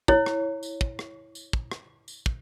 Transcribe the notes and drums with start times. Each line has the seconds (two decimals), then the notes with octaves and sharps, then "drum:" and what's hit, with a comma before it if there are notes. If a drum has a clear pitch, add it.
0.08 E4 C#5, drum: kick
0.26 drum: rim click
0.63 drum: tambourine
0.81 drum: kick
0.99 drum: rim click
1.35 drum: tambourine
1.53 drum: kick
1.72 drum: rim click
2.08 drum: tambourine
2.26 drum: kick